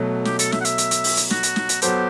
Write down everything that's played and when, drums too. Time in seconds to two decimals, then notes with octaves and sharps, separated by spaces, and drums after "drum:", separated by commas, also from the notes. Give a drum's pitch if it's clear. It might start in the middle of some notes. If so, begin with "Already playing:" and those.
Already playing: B2 F#3 A3
0.25 G4, drum: snare
0.39 A4, drum: hi-hat
0.52 E5, drum: snare
0.61 F#5
0.65 E5, drum: hi-hat
0.78 drum: hi-hat
0.91 drum: hi-hat
1.04 drum: open hi-hat
1.17 drum: hi-hat
1.30 F#4, drum: snare
1.43 drum: hi-hat
1.56 drum: snare
1.69 drum: hi-hat
1.82 F#3 B3 F#4 G4 A4 C5, drum: hi-hat